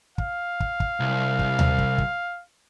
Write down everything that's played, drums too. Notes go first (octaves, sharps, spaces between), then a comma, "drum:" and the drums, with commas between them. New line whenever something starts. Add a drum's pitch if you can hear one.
F5, drum: kick
drum: kick
drum: kick
C2
drum: kick
drum: tom D2
drum: kick
drum: kick